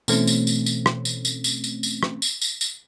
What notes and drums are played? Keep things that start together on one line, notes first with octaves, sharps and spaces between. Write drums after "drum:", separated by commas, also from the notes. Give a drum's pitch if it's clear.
B2 E3 A3 C4 C#4, drum: tambourine
drum: tambourine
drum: tambourine
drum: tambourine
drum: rim click
drum: tambourine
drum: tambourine
drum: tambourine
drum: tambourine
drum: tambourine
drum: rim click
drum: tambourine
drum: tambourine
drum: tambourine